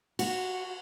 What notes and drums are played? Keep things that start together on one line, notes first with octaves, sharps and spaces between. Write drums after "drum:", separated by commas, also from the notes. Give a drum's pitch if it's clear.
F#4, drum: cymbal